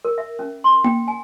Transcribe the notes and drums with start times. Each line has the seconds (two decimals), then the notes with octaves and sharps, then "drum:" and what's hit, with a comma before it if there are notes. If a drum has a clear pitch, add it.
0.05 A#4
0.18 E5
0.39 C#4
0.64 C6
0.84 G5, drum: tom A#3
1.08 G#5